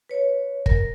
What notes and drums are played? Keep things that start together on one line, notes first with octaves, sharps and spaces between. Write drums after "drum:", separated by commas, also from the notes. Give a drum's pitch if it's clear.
B4 C#5
A#4, drum: kick